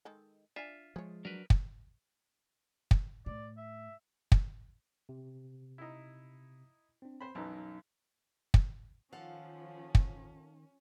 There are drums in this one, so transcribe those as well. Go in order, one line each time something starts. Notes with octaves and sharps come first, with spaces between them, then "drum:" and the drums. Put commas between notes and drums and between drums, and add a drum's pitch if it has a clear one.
D#3 G#3 A4
D4 F4 E5 G#5
F3 G#3 G#4 C#5
F#3 D4 A#4 B4
drum: kick
drum: kick
A2 D5
E5
drum: kick
C3
D#4 E4
C4 D4
C4 C5 B5
B1 F#2 E3 F#3 D#4
drum: kick
D#3 F3 C#4 A4 F5 F#5
drum: kick